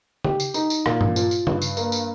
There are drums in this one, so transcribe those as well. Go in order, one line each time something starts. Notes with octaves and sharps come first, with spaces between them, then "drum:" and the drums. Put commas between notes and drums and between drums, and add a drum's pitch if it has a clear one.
G4, drum: tom C#3
drum: tambourine
D#4, drum: tambourine
drum: tambourine
A#2, drum: rim click
drum: tom G2
F3, drum: tambourine
drum: tambourine
G2, drum: tom C#3
drum: tambourine
A#3, drum: tambourine
drum: tambourine